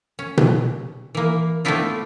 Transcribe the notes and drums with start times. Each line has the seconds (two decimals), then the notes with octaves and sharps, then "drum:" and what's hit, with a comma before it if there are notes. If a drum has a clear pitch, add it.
0.19 C#4
0.37 drum: tom B2
1.15 E3 A#3
1.65 A3 B3 C4 D4 E4 F4